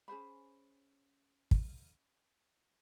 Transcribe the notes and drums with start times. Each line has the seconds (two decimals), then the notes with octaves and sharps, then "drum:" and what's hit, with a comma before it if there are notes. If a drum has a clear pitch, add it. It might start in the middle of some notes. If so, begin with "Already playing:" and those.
0.08 C#4 G#4 C5 B5
1.51 drum: kick